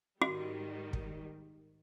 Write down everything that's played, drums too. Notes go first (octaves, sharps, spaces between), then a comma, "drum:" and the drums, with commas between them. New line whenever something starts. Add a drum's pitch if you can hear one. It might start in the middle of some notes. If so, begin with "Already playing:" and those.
G#2 D#3 G3 F#4
drum: kick